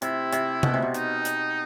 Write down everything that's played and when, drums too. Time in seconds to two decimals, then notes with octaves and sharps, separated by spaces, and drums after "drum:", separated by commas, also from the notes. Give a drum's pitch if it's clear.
0.02 C3 E4, drum: hi-hat
0.33 C3, drum: hi-hat
0.63 B2, drum: tom C3
0.74 C3
0.82 B2
0.94 D#4, drum: hi-hat
1.25 drum: hi-hat